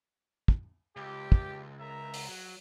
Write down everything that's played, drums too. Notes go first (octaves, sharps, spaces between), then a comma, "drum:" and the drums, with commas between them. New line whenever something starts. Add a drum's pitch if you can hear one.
drum: kick
C#2 G4
drum: kick
A#4 E5 A#5
drum: open hi-hat
F#3